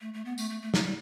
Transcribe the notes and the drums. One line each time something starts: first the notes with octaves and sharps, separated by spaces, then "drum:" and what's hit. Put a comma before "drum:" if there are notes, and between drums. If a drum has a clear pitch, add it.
A3
A3
B3
A3, drum: tambourine
A3
A3
A3, drum: snare
G3